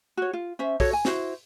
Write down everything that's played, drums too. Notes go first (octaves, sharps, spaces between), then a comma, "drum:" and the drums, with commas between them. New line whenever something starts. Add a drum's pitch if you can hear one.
F#4 C#5
F4
C#4 C5 E5
F#4 A4 C#5, drum: kick, open hi-hat
G#5
E4 F#4 C5, drum: snare